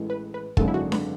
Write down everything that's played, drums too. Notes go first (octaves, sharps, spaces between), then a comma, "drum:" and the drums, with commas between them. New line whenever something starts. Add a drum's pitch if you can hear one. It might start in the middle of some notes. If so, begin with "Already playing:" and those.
Already playing: A1 A2 E3 G#3
B4
B4
G#1 F#2 D3 G#3 A4, drum: kick
E4
F#4
B4, drum: snare D4